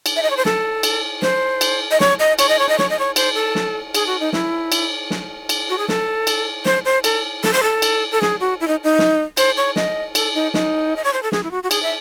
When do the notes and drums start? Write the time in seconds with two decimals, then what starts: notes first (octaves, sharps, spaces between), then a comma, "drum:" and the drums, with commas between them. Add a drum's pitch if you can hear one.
0.06 drum: cymbal
0.16 E5
0.23 D#5
0.31 C#5
0.37 C5
0.45 A4, drum: snare
0.83 drum: cymbal
1.22 C5, drum: snare
1.61 drum: cymbal
1.91 D#5
2.00 C#5, drum: snare
2.20 D#5
2.39 C#5, drum: cymbal
2.49 D#5
2.59 C#5
2.69 D#5
2.79 C#5, drum: snare
2.90 D#5
2.99 C#5
3.16 C5, drum: cymbal
3.35 A4
3.55 drum: snare
3.95 G#4, drum: cymbal
4.07 F#4
4.20 D#4
4.33 E4, drum: snare
4.72 drum: cymbal
5.10 drum: snare
5.49 drum: cymbal
5.70 F#4
5.78 G#4
5.88 A4, drum: snare
6.27 drum: cymbal
6.65 C5, drum: snare
6.85 C5
7.04 A4, drum: cymbal
7.44 A4, drum: snare
7.53 C5
7.63 A4
7.82 drum: cymbal
8.12 A4
8.22 G#4, drum: snare
8.40 F#4
8.60 E4
8.68 D#4
8.84 D#4
8.99 drum: snare
9.37 C5, drum: cymbal
9.57 C#5
9.76 D#5, drum: snare
10.15 A4, drum: cymbal
10.34 D#4
10.54 D#4, drum: snare
10.96 D#5
11.04 C#5
11.13 C5
11.23 A4
11.32 G#4, drum: snare
11.44 E4
11.51 F#4
11.63 F#4
11.71 G#4, drum: cymbal
11.83 E5